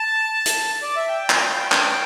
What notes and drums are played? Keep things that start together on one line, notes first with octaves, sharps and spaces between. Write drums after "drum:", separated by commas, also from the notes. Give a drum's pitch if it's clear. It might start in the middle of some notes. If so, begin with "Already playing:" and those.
Already playing: A5
drum: hi-hat
D5
E5
G5
drum: clap
drum: clap